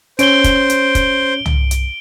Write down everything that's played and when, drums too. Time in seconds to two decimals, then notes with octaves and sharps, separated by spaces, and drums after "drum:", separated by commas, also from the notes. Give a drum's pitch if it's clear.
0.19 C#4 C5 C#5 D7 G7, drum: hi-hat
0.44 drum: kick, hi-hat
0.70 drum: hi-hat
0.95 drum: kick, hi-hat
1.46 drum: tom
1.71 drum: hi-hat